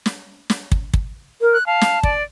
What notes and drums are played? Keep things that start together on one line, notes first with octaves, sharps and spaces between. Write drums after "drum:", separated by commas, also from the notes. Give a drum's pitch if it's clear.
drum: snare
drum: snare
drum: kick
drum: kick
A#4
F#6
F5 A5
drum: snare
D5, drum: kick